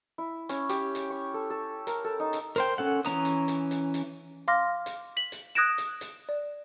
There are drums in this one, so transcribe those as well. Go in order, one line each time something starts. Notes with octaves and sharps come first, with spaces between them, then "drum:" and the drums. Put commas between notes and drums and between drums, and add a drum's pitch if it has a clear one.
E4
C#4, drum: hi-hat
G4, drum: hi-hat
drum: hi-hat
C#6
A4
A4
A#4, drum: hi-hat
A4
D#4
drum: hi-hat
A#4 C5 G5, drum: hi-hat
C#4 A4 F#5
E3 C#4 A#5 D#6, drum: hi-hat
drum: hi-hat
drum: hi-hat
drum: hi-hat
drum: hi-hat
F5 C6 D6 F6 A#6
drum: hi-hat
B6 F#7
drum: hi-hat
D#6 F#6 G#6 A#6 D7 E7
drum: hi-hat
drum: hi-hat
D5